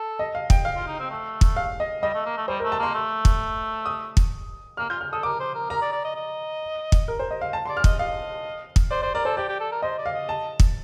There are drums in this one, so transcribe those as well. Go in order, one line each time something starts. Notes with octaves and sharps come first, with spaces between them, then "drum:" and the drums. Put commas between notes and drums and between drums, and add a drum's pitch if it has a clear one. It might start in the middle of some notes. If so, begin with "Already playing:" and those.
Already playing: A4
D#5
F5
G5, drum: kick
F5
F4
D#4
C4
A3
drum: kick
F5
D#5
G3 D#5
A3
A#3
A3
G3 C5
A#4
A3
A5
A#3 C6
A3
drum: kick
D#6
drum: kick
A#3 F6
F4 G6
F6
A4 D#6
A#4 D6
C5
A#4
A#4 A#5
D5
D5
D#5
D#5
drum: kick
A#4
C5
D#5
F5
A5
C6
D5
F6
D#5, drum: kick
D#5 F5
drum: kick
C5 D5
C5 D5
A#4 D5
A4 C5
G4 D5
G4
A4
A#4
C5 D#5
D5
F5
D#5
A5
drum: kick